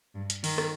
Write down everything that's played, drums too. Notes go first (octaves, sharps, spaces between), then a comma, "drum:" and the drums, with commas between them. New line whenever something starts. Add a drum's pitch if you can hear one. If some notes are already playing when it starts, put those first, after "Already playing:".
G2
drum: hi-hat
D#3, drum: open hi-hat
drum: rim click